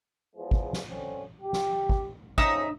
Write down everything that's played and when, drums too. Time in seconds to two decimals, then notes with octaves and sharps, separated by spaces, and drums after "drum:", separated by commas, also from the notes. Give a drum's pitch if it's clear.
0.36 E2 F3 G#3
0.51 drum: kick
0.73 drum: snare
0.90 D3 C4 C#4
1.41 G4
1.53 drum: snare
1.89 drum: kick
2.38 F2 C#3 D#4 E5 D#6, drum: kick